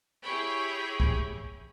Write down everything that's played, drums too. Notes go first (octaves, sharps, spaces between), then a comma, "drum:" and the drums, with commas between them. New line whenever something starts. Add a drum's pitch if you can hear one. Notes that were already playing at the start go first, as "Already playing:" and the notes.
E4 G4 G#4 C#5 G5 B5
drum: kick